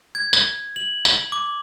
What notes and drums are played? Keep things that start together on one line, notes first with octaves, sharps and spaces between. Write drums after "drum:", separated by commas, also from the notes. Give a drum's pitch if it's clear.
G#6
drum: tambourine
F#7
drum: tambourine
D6